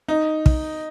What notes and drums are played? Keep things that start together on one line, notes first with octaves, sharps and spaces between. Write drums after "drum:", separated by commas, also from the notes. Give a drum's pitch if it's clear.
D#4
drum: kick